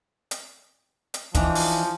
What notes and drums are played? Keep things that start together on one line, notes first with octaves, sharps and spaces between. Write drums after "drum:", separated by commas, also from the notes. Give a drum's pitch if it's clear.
drum: hi-hat
drum: hi-hat
E3 F3 D4 D#4, drum: kick, hi-hat
drum: open hi-hat